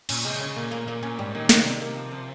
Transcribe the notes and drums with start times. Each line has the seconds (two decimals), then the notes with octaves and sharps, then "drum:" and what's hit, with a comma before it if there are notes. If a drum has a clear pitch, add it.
0.09 A#2 C#4, drum: cymbal
0.25 C3 G#3
0.35 C#3
0.40 C#4
0.46 C#3
0.56 A#2 A#3
0.71 A#3
0.87 A#2 A#3
1.03 A#2 C#4
1.18 G#2 G3
1.34 A#2 D#3
1.49 C3 D#3, drum: snare
1.66 C3 G3
1.81 A#3
1.96 F3
2.11 F3